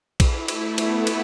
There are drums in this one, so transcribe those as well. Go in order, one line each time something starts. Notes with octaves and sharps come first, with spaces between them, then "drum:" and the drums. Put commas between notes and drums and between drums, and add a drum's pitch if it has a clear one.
E4, drum: kick, cymbal
A3, drum: cymbal
B3, drum: cymbal
drum: cymbal